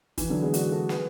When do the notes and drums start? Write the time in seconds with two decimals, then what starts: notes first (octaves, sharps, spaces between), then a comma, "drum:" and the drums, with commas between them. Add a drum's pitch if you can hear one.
0.18 E3, drum: kick, hi-hat
0.29 D3 F#3
0.41 G#3 B3
0.54 D4 F#4, drum: hi-hat
0.71 F#4 A4
0.89 G#4 B4, drum: snare